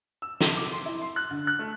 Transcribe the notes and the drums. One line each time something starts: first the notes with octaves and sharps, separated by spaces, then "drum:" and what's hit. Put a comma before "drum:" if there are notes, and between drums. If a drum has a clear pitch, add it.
E6
C3, drum: snare
D6
C6
E4
C6
F#6
D3
F#6
A3